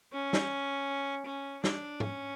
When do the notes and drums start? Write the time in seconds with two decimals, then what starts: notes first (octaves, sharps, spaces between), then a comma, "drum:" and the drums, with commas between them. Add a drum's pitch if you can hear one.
0.13 C#4
0.33 drum: snare
1.25 C#4
1.64 D4, drum: snare
2.00 C#4, drum: tom G#2